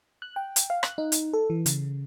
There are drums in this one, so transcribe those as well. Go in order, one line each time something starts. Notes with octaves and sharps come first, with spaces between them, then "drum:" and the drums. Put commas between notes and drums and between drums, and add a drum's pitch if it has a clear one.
F#6
G5
drum: hi-hat
F5
F#6, drum: rim click
D#4
drum: hi-hat
A4
E3
C#3, drum: hi-hat